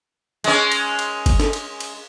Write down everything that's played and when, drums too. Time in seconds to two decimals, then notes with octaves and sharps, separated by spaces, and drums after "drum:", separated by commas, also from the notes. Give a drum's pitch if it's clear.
0.44 G#3 C#4, drum: cymbal
0.72 drum: cymbal
0.99 drum: cymbal
1.26 drum: kick G1, cymbal
1.40 drum: snare
1.53 drum: cymbal
1.80 drum: cymbal